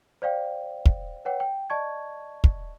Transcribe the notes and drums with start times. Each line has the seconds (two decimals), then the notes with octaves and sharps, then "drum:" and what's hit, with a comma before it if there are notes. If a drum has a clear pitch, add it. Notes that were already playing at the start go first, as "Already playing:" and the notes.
0.22 C5 D5 F5 G5
0.86 drum: kick
1.25 B4 C#5 F#5 G5
1.40 G5
1.70 D5 D#5 A5 C#6 G#6
2.44 drum: kick